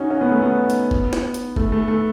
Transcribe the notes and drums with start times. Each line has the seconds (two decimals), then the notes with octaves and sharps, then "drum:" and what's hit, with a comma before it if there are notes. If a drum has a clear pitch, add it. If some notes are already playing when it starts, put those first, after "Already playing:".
Already playing: C#4 D#4 F#4
0.11 C#4
0.21 B3
0.31 A3
0.42 B3
0.70 drum: hi-hat
0.91 drum: kick F#1
1.13 drum: snare
1.34 drum: hi-hat
1.56 A3, drum: kick F#1
1.72 A3
1.88 A3